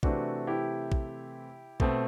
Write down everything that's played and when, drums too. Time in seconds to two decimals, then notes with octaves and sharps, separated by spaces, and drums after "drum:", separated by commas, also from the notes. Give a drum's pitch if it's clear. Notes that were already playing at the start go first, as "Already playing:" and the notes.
0.03 C3 E3 A3 C4 D4 F#4, drum: kick A#1
0.47 E4 G4
0.92 drum: kick A#1
1.80 B2 A3 C4, drum: kick A#1